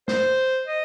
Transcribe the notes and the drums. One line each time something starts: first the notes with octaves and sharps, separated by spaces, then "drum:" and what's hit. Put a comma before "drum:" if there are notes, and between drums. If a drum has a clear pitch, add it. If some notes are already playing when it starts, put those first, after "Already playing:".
C5, drum: snare
D#5